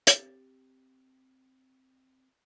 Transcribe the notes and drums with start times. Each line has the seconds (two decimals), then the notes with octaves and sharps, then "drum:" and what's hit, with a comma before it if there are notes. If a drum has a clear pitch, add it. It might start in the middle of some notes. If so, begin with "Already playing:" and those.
0.07 C4 G4 A6, drum: hi-hat